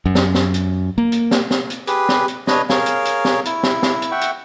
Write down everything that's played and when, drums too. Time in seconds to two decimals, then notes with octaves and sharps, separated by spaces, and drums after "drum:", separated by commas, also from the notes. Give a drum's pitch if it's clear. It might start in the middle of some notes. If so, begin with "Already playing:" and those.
0.06 F#2
0.15 drum: snare
0.35 drum: snare
0.54 drum: hi-hat
0.98 A#3
1.12 drum: hi-hat
1.31 drum: snare
1.51 drum: snare
1.70 drum: hi-hat
1.87 G4 G#4 B4, drum: hi-hat
2.09 drum: snare
2.28 drum: hi-hat
2.47 D4 B4 C#5 D#5, drum: snare
2.69 G#4 A#4 C#5 F5, drum: snare
2.86 drum: hi-hat
3.05 drum: hi-hat
3.25 drum: snare
3.45 E4, drum: hi-hat
3.63 drum: snare
3.83 drum: snare
4.02 drum: hi-hat
4.12 E5 F#5 G5 C#6
4.21 drum: hi-hat